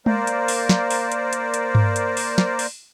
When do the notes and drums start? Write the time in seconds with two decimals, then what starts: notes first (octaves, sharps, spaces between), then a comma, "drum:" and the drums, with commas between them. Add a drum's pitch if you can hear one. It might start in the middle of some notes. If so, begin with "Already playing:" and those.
0.06 A#3 A#4 C5 D5, drum: tom G#3
0.27 drum: hi-hat
0.48 drum: open hi-hat
0.69 drum: snare
0.91 drum: open hi-hat
1.12 drum: hi-hat
1.33 drum: hi-hat
1.54 drum: hi-hat
1.75 drum: tom G2
1.96 drum: hi-hat
2.17 drum: open hi-hat
2.38 drum: snare
2.59 drum: open hi-hat